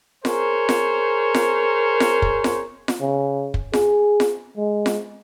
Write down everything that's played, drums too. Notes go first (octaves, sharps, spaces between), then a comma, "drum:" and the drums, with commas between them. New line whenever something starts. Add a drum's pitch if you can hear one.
G#4 A#4 C5 C#5, drum: snare F4
drum: snare F4
drum: snare F4
drum: snare F4
drum: kick
drum: snare F4
drum: snare F4
C#3
drum: kick
G#4, drum: snare F4
drum: snare F4
G#3
drum: snare F4